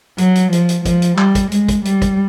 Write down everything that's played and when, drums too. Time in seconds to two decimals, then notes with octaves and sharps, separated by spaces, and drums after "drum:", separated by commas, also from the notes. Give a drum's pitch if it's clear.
0.18 F#3, drum: hi-hat
0.35 drum: hi-hat
0.53 F3, drum: hi-hat
0.69 drum: hi-hat
0.85 F3, drum: kick, hi-hat
1.02 drum: hi-hat
1.18 G3, drum: clap
1.35 drum: kick, hi-hat
1.52 G#3, drum: hi-hat
1.68 drum: kick, hi-hat
1.85 G3, drum: hi-hat
2.02 drum: kick, hi-hat